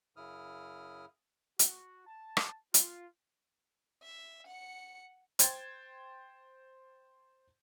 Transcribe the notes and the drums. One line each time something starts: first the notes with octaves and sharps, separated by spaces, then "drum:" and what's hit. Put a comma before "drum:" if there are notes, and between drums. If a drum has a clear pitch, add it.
F#2 C#3 E4 D#6 F6
F#4, drum: hi-hat
A5
drum: rim click
F4, drum: hi-hat
E5
F#5 C#7
C5 G5 G#6 A6, drum: hi-hat